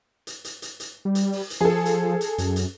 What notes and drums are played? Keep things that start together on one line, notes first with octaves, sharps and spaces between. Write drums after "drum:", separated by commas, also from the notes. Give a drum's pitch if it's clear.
drum: hi-hat
drum: hi-hat
drum: hi-hat
drum: hi-hat
G3
drum: hi-hat
drum: open hi-hat
drum: hi-hat
F3 G#4 A4
drum: hi-hat
drum: hi-hat
F#2, drum: hi-hat
drum: hi-hat